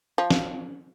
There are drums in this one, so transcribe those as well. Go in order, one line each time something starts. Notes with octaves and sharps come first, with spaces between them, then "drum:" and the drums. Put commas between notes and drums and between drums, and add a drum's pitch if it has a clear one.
F3
drum: snare